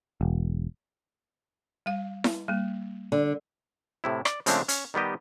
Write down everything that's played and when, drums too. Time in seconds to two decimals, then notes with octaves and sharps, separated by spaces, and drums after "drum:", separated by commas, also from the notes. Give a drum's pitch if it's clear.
0.21 E1
1.86 G3 F5
2.24 drum: snare E4
2.48 G3 A#3
3.12 D3
4.04 A2 C3 E4
4.25 D5, drum: rim click
4.46 C#3 F3 G#3 A3 C4 D4, drum: hi-hat
4.68 C#4, drum: hi-hat
4.94 D#3 G3 B3 G4 D#5